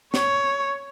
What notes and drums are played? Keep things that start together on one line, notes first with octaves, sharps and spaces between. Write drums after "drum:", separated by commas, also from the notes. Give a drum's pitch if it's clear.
C#5, drum: snare